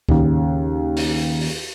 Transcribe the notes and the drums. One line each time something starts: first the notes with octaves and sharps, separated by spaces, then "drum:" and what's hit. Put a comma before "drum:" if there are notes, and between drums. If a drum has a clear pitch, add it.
D#2 C#3, drum: kick C#2
drum: open hi-hat
drum: open hi-hat